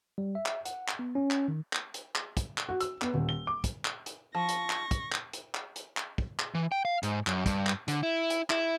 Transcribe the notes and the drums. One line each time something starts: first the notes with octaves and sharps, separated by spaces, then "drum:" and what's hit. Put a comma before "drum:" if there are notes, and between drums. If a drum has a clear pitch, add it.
G3
E5
drum: clap
F#5, drum: hi-hat
drum: clap
B3
C#4
drum: clap
D#3
drum: clap
drum: hi-hat
drum: clap
drum: kick, hi-hat
drum: clap
F#4
E6, drum: hi-hat
B3, drum: clap
D#1
G7
D6
drum: kick, hi-hat
drum: clap
drum: hi-hat
F3 C#6 A#6
drum: hi-hat
drum: clap
drum: kick, hi-hat
drum: clap
drum: hi-hat
drum: clap
drum: hi-hat
drum: clap
drum: kick
drum: clap
E3
G5
F5
G#2, drum: hi-hat
F#2, drum: clap
G2, drum: kick, hi-hat
drum: clap
D3, drum: hi-hat
E4
drum: hi-hat
E4, drum: clap